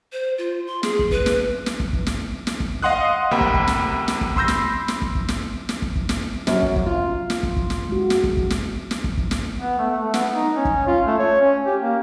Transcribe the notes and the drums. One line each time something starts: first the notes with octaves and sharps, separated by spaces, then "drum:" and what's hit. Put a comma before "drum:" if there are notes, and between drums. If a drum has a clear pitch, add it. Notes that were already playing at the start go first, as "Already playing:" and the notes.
C5
F4
C6
G#4, drum: snare
drum: kick
B4, drum: kick
drum: snare
drum: snare
drum: kick
drum: kick
drum: snare
drum: snare
drum: kick
D#5 F5 F#5 C6 D#6 F#6
D2 C3 A#3 G5 B5
drum: kick
drum: kick
drum: snare
drum: snare
drum: kick
B5 C6 E6 G6 A#6, drum: kick
drum: snare
drum: snare
drum: kick
drum: kick
drum: snare
drum: snare
drum: kick
drum: kick
drum: snare
F#2, drum: snare
drum: kick
drum: kick
F4
drum: snare
drum: kick
drum: kick
drum: snare
G#3 F#4
drum: snare
drum: kick
drum: kick
drum: snare
drum: snare
drum: kick
drum: kick
drum: snare
B3
A3
A3
B3, drum: snare
D#4
C#4
drum: kick
F4
A3
C#5
C#4
G4
A#3